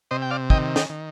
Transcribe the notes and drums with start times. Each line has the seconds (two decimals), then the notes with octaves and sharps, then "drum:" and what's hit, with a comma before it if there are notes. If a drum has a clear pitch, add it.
0.11 C3 C5 D#5
0.22 G5
0.31 D5 F5
0.50 D#3 D#5 G5, drum: kick
0.76 D#5 G5, drum: snare
0.90 D#3